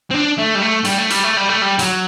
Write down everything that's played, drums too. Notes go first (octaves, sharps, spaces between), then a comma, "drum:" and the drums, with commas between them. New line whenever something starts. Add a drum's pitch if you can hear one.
C4
D4
A3
G3
A3
G3, drum: hi-hat
A3
G3, drum: hi-hat
A3
G3
A3
G3
F#3, drum: hi-hat